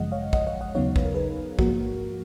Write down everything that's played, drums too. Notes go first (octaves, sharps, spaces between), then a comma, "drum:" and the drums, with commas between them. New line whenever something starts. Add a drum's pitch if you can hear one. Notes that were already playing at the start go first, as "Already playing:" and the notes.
Already playing: G#1 F#2 C#3 F3 G#3 D#5 F#5
C#5 F5
D#5 F#5, drum: kick
C#5 F5
D#5 F#5
D#2 C#3 F#3 B3 D#4 C#5 F5
B4, drum: kick
A#4
G#4 B4
G#2 F3 A#3 F#4 A#4, drum: kick